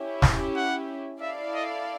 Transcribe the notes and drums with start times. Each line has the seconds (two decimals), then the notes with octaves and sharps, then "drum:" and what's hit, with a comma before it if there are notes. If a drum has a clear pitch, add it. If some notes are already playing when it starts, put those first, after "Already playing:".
Already playing: C#4 E4 G4
0.22 drum: snare
0.56 F#5
1.21 E4 A4 D5 E5 F5
1.54 D#5